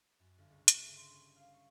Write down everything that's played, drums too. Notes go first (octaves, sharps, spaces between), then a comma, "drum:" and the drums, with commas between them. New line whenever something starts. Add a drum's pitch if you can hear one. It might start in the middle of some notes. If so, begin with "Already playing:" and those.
F#2
G1
C#2
E5, drum: hi-hat
G1
C6
C#4
F5
C#6